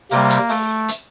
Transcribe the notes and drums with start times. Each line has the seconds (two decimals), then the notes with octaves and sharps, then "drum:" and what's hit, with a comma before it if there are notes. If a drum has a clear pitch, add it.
0.11 C3 G3 A#3, drum: open hi-hat
0.30 drum: hi-hat
0.49 A3, drum: open hi-hat
0.88 drum: hi-hat